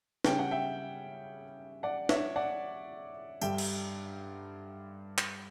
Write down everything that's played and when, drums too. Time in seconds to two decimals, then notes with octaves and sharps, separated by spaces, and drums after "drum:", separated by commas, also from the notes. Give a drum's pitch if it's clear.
0.25 C#3 G3 C#4 G5, drum: snare
0.39 F#5
0.51 E5 G5
1.83 D5 F#5
2.09 C#5 E5, drum: snare
2.36 D5 F#5
3.41 G2 D3 G3 E5 G5, drum: tambourine
3.58 drum: cymbal
5.18 drum: clap